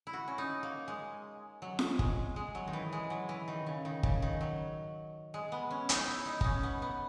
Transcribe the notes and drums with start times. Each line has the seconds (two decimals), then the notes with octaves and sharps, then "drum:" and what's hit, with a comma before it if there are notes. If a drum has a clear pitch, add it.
0.07 E4
0.13 F#4
0.28 C#4
0.38 D#4
0.63 A#3
0.88 G#3
1.62 F#3
1.79 drum: snare F4
1.99 G#3, drum: kick G1
2.36 G#3
2.55 F#3
2.67 D#3
2.73 E3
2.93 G#3
3.10 F#3
3.29 E3
3.48 D#3
3.66 C#3
3.85 D#3
4.03 C#3, drum: kick G1
4.22 D#3
4.41 F#3
5.34 G#3
5.52 B3
5.71 C#4
5.89 D#4, drum: hi-hat
6.07 E4
6.26 D#4
6.41 C#4 D#4, drum: kick G1
6.63 B3
6.82 B3